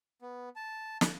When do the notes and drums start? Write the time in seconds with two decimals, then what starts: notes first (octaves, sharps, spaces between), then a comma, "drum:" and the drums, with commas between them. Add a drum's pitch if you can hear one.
0.22 B3
0.56 A5
1.01 drum: snare